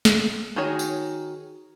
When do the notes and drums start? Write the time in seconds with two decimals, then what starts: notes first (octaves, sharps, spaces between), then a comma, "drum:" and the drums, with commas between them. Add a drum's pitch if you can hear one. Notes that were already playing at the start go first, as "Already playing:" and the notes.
0.05 drum: snare
0.56 D#3 F#4 G#4 C#5
0.79 drum: tambourine